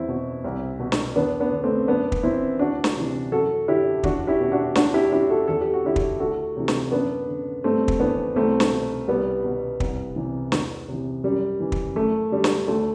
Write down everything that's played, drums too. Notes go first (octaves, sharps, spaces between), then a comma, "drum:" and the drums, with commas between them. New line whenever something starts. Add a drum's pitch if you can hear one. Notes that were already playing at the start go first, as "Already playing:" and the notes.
Already playing: E2 C4 E4
B2
C2
B2
drum: snare
E2 B3 D4
B3 D4
D3
A3 C4
F#2 B3 D4
drum: kick
E3 C4 E4
D2 D4 F#4
drum: snare
C3 E3
F#2 F#4 A4
D3 E4 G4
E2 D4 F#4, drum: kick
E4 G4
B2
D4 F#4
D2 D4 F#4, drum: snare
E4 G4
D3 E4 G4
F#4 A4
E2 A4
G4
F#4
D3 E4 G4
drum: kick
D2 F#4 A4
C3 E3
drum: snare
F#2 B3 D4
D3
G2 A3 C4
drum: kick
E3 B3 D4
C2 A3 C4
drum: snare
B2
C2 G3 B3
B2
C2, drum: kick
C3 E3
E2, drum: snare
C3 E3
F#2 G3
E3
drum: kick
F#2 A3
D3 G3
drum: snare
D2 A3